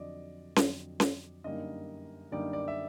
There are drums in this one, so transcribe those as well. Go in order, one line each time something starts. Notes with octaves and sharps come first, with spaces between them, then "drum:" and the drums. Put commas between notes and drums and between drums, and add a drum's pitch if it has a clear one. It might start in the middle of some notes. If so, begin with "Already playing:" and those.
Already playing: F2 D3 F#3 D5 D#5
F2 D3 F#3, drum: snare C#4
drum: snare C#4
F#2 D3 G3 A#3 D#4 D#5
F#2 D3 G3 A#3 D#4 D5
D5
E5